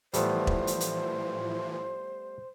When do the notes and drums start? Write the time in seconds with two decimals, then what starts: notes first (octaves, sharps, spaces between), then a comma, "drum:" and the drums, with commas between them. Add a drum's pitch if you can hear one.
0.14 A2 E3 F3 G3 A3 B3 C5, drum: hi-hat
0.47 drum: kick E1
0.67 drum: hi-hat
0.80 drum: hi-hat